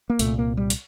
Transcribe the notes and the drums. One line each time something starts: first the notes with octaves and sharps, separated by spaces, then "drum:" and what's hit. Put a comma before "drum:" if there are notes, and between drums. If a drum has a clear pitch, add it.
A#3
C2 A#2 A3, drum: hi-hat
A#3
G3
drum: hi-hat